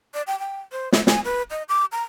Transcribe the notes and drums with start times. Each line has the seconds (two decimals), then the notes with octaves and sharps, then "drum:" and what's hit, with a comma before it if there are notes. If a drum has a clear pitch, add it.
0.14 D5
0.27 G5
0.40 G5
0.72 C5
0.92 E5, drum: snare
1.07 G#5, drum: snare
1.25 B4
1.51 D#5
1.69 D6
1.92 A#5